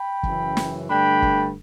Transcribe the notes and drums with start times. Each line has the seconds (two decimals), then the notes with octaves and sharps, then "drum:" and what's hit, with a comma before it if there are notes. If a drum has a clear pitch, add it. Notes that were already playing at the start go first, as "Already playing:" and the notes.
Already playing: G5 B5
0.23 F#2 C#3 E3, drum: kick
0.57 drum: snare
0.89 G2 D3 A3 D4 G5 B5
1.22 drum: kick